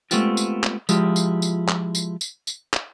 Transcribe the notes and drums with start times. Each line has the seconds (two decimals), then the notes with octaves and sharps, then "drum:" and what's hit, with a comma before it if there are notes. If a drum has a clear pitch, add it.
0.11 G#3 A3 B3 C4 F4 G4, drum: tambourine
0.37 drum: tambourine
0.63 drum: clap
0.89 F3 G#3 E4 F4 G4, drum: tambourine
1.16 drum: tambourine
1.42 drum: tambourine
1.68 drum: clap
1.95 drum: tambourine
2.21 drum: tambourine
2.47 drum: tambourine
2.73 drum: clap